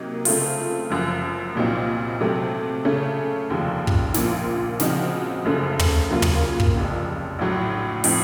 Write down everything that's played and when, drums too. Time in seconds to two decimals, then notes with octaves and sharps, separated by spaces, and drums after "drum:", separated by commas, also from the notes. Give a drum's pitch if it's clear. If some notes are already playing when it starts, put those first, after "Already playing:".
Already playing: C3 F#3 A#3 D#4
0.25 C#3 A3 C4 F4, drum: open hi-hat
0.90 F#1 F#2 F3
1.55 C2 A#2 F#3 C4 D#4
2.20 C3 F#3 A3 C4
2.85 C#3 A3 C#4
3.50 F1 D#2 C#3 F3
3.87 drum: kick
4.14 A#1 A#2 F3 A#3 F4, drum: snare
4.80 C#3 F3 C4 D#4 F#4, drum: snare
5.44 F#1 F#2 C#3 A3
5.79 drum: tom
6.10 D#2 C#3 F#3 A#3 F4
6.22 drum: tom
6.60 drum: kick
6.74 F1 F2 C#3
7.39 A#1 A2 F#3
8.04 A2 F3 C4 D#4, drum: open hi-hat